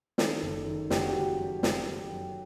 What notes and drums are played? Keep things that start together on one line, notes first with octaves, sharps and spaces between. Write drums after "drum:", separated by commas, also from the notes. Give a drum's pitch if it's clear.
D#3 A4, drum: snare
F#1
D#3
F#1 G4, drum: snare
F#4
G4
F#1
F#2
F#1, drum: snare
F#1
F#2